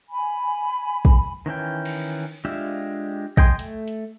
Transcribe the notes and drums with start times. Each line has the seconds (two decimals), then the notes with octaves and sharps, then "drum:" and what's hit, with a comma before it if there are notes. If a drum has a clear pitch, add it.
0.09 G#5 B5
1.05 drum: kick
1.46 D#3 E3 C#4 G5
1.85 drum: cymbal
2.45 G#3 D4 F4 G4 E5
3.37 D#5 G5 G#5 C6 D#6, drum: kick
3.59 A3, drum: hi-hat
3.88 drum: hi-hat